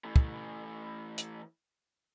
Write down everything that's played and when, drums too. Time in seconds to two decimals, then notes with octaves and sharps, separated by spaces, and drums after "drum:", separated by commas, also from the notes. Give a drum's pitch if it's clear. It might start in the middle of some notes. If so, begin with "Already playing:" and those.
0.05 E3 A3
0.16 drum: kick
1.18 drum: hi-hat